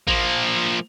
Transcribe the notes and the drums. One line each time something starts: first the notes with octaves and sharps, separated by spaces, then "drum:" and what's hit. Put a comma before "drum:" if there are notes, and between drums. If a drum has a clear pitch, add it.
F3 A#3, drum: kick A1